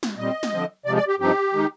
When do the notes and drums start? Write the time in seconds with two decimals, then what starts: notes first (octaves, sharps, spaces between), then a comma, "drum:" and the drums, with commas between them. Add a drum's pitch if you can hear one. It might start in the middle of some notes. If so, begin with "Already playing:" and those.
0.03 drum: snare
0.18 A#2 G3 C4 D#5
0.43 drum: snare
0.52 D3 F3 C4
0.85 C3 F3 G#3 D5
0.97 D5
1.08 G4
1.19 G2 F3 C4 D#4 G4
1.53 D#3 G#3 D#4